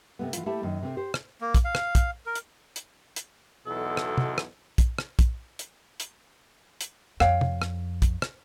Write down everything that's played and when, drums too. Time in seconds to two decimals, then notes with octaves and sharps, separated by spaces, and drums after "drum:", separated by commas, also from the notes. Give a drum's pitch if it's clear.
0.19 C3 A3 B3
0.33 E3 F4, drum: hi-hat
0.46 A3 E4 G4 E5 A5
0.63 F#2 D#3
0.82 C3 A3 C4
0.97 G4 C5
1.14 drum: rim click
1.41 A#3
1.55 drum: kick, hi-hat
1.65 F5
1.75 drum: rim click
1.95 drum: kick, hi-hat
2.26 A#4
2.35 drum: hi-hat
2.76 drum: hi-hat
3.16 drum: hi-hat
3.66 B1 E2 B2 A4
3.97 drum: rim click
4.18 drum: tom
4.38 drum: rim click
4.78 drum: kick, hi-hat
4.98 drum: rim click
5.19 drum: kick, hi-hat
5.59 drum: hi-hat
6.00 drum: hi-hat
6.81 drum: hi-hat
7.20 F2 C#5 F5 G5, drum: rim click
7.41 drum: tom
7.62 drum: rim click
8.02 drum: kick, hi-hat
8.22 drum: rim click